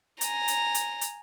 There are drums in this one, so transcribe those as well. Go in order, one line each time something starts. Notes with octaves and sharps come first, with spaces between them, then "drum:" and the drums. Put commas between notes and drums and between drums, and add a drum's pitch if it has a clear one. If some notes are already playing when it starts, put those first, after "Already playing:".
G#5 A#5, drum: hi-hat
drum: hi-hat
drum: hi-hat
drum: hi-hat